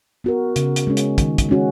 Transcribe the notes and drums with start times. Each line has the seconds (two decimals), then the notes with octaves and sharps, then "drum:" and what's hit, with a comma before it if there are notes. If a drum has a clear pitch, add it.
0.24 B3 F#4 A#4
0.56 C#3, drum: hi-hat
0.76 drum: hi-hat
0.87 G#3 C#4
0.97 drum: hi-hat
1.18 D#3, drum: kick, hi-hat
1.38 drum: kick, hi-hat
1.49 G#3 C#4 F#4